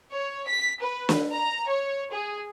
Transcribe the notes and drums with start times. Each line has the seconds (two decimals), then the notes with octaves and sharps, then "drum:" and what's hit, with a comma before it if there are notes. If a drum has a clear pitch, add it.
0.12 C#5
0.47 B6
0.81 B4
1.09 drum: snare
1.33 A#5
1.68 C#5
2.12 G#4